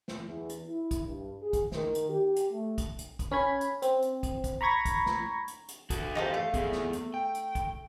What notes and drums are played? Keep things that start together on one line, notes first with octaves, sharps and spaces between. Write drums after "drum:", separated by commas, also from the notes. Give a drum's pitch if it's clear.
drum: snare
E2
drum: hi-hat
E4
drum: kick, hi-hat
G2
G#4
drum: kick, hi-hat
D#3, drum: snare
drum: hi-hat
G4
drum: hi-hat
A3
drum: kick, hi-hat
drum: hi-hat
drum: kick, hi-hat
C#4 B5 G#6
drum: hi-hat
C4, drum: hi-hat
drum: hi-hat
drum: kick, hi-hat
drum: kick, hi-hat
A#5 B5 C#6 G#6 A#6
drum: kick, hi-hat
drum: snare
drum: hi-hat
drum: hi-hat
F#4 A4, drum: kick, hi-hat
E2 D#4 F4 G4 A4 C5
A3 F5
B3 G#4, drum: kick, hi-hat
drum: snare
drum: hi-hat
G5
drum: hi-hat
drum: kick, hi-hat